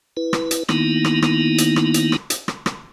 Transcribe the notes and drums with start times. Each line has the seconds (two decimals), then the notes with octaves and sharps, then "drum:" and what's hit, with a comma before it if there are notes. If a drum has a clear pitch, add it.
0.17 E4 B4
0.33 drum: rim click
0.51 drum: hi-hat
0.69 D#3 A#3 B3 D#4 E4, drum: rim click
1.05 drum: rim click
1.22 drum: rim click
1.58 drum: hi-hat
1.76 drum: rim click
1.94 drum: hi-hat
2.12 drum: rim click
2.30 drum: hi-hat
2.48 drum: rim click
2.66 drum: rim click